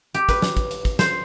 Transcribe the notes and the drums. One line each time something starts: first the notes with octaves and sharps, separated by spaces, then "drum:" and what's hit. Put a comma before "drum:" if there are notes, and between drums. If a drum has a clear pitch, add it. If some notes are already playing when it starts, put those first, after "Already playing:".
G4, drum: hi-hat
B4, drum: kick, hi-hat
drum: snare
drum: kick, hi-hat
drum: hi-hat
drum: kick, hi-hat
C5, drum: snare